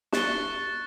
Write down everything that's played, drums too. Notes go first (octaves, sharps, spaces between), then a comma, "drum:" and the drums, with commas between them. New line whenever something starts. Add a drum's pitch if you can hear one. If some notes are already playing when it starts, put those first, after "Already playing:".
C#6 F#6 A6 C#7 G7, drum: snare